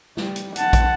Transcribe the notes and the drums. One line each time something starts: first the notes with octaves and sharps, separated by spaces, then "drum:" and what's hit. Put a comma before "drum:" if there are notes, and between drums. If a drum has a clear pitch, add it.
G3, drum: snare
drum: hi-hat
F#5 A5, drum: hi-hat
drum: kick, hi-hat